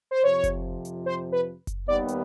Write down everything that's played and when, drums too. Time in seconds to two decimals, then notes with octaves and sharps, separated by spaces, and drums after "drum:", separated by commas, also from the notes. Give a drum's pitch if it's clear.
0.11 C5
0.23 F2 C3 F3 C#5
0.44 drum: kick F#1, hi-hat
0.85 drum: hi-hat
1.06 C5
1.32 B4
1.67 drum: kick F#1, hi-hat
1.88 D#2 D#3 G3 B3 D5
2.08 drum: hi-hat